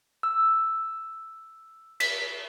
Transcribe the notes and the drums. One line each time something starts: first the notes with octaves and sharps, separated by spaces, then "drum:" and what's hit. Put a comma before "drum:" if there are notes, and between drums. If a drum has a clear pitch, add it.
E6
B6, drum: cymbal